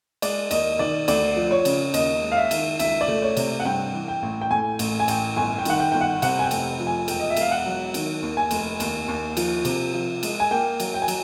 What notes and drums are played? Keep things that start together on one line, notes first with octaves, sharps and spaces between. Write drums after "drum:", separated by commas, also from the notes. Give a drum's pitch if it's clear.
G#3 D5, drum: cymbal
D#2 D#5, drum: cymbal
D#3 D5, drum: tom B2
D2 D5, drum: cymbal
F3
C#5
C#3, drum: cymbal
D#2 D#5, drum: cymbal
G#3
F5
E5
D#3, drum: cymbal
C#2 E5, drum: cymbal
D5
A3, drum: tom B2
C#5
C3, drum: cymbal
F#5
G2 G5
E3
G5
A1
G5
A2 G#5
A1, drum: cymbal
G#5
A1 G5, drum: cymbal
G1 G#5
G5
D#3 F#5, drum: cymbal
G5
G1 G5
F#5
C3 F#5, drum: cymbal
G#5
G5
F1, drum: cymbal
F3
G#5
E1 G5, drum: cymbal
D#5
E5
E1 F5, drum: cymbal
F#5
F#3
D#3, drum: cymbal
D#2
G#5
F1, drum: cymbal
D#2, drum: cymbal
D#2
F3, drum: cymbal
C3, drum: cymbal
F3
G#3, drum: cymbal
G#5
A#3 G5
F#3, drum: cymbal
G5
G#5
F#3, drum: cymbal